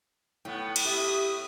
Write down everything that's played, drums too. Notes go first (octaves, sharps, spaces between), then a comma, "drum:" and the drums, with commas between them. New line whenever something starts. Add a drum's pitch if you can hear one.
A2 A3 B3 G5
drum: cymbal
E4 G4 E5 D#6